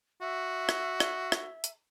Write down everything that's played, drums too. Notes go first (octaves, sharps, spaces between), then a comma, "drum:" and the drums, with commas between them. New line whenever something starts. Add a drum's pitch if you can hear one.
F#4 E5
drum: rim click
drum: rim click
drum: rim click
drum: hi-hat